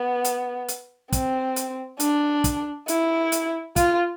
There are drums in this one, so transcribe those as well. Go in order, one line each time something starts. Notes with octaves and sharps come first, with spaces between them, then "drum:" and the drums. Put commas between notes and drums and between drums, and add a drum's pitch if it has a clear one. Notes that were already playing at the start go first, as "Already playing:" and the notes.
Already playing: B3
drum: hi-hat
drum: hi-hat
C4, drum: kick, hi-hat
drum: hi-hat
D4, drum: hi-hat
drum: kick, hi-hat
E4, drum: hi-hat
drum: hi-hat
F4, drum: kick, hi-hat